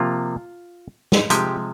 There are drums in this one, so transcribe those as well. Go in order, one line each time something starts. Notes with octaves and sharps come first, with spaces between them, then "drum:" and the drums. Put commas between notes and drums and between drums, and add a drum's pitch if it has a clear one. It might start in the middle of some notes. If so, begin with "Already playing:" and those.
Already playing: C3 F3 A#3 F4
drum: snare
C3 F3 G#3 G4, drum: hi-hat